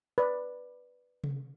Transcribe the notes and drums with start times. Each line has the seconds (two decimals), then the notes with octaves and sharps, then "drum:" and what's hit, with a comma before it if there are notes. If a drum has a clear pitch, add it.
0.18 B4 D5
1.24 drum: tom C3